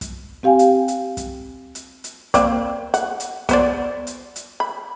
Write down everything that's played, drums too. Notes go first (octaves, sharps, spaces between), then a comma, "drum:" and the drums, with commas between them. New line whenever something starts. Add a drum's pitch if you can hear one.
drum: kick, hi-hat
C4 G4 F5 G5 G#5
drum: hi-hat
drum: hi-hat
drum: kick, hi-hat
drum: hi-hat
drum: hi-hat
A#3 C4 D5, drum: kick, hi-hat
F#5, drum: hi-hat
drum: hi-hat
B3 C5 D5, drum: kick, hi-hat
drum: hi-hat
drum: hi-hat
B5